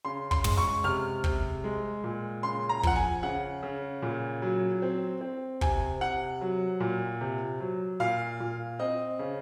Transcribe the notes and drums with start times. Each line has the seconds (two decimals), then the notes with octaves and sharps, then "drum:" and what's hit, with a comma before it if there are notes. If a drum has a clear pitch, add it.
0.05 C#3 C6
0.31 C6, drum: kick
0.44 G#3, drum: tom
0.58 C#6
0.84 C3 F6
1.24 C3, drum: kick
1.64 G#3
2.04 A#2
2.43 C#3 C6
2.69 A#5
2.83 F3 F#5, drum: kick
2.96 G#5
3.23 C#3 F#5
3.63 C#3
4.02 A#2
4.42 F#3
4.82 C4
5.21 C4
5.61 C3 G#5, drum: kick
6.01 C3 F#5
6.41 F#3
6.80 A#2
7.21 C3
7.60 F#3
8.00 A#2 F5
8.40 A#2
8.80 C4 D#5
9.19 C#3